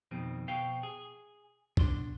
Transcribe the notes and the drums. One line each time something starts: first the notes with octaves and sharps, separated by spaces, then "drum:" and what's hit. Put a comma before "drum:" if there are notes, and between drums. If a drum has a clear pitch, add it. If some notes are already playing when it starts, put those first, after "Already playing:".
F2 B2 D#3 C4
B2 C5 F5 G5
G#4
B2 D4 C6, drum: kick